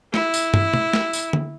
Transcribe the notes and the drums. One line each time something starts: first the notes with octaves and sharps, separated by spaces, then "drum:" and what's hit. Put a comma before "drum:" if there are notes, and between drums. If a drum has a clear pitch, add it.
E4, drum: snare
drum: tambourine
drum: tom
drum: tom B2
drum: snare
drum: tambourine
drum: tom D3